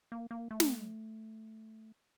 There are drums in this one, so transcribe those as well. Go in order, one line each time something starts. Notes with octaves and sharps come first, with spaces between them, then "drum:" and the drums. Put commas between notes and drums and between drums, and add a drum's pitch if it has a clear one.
A#3
A#3
A3
drum: snare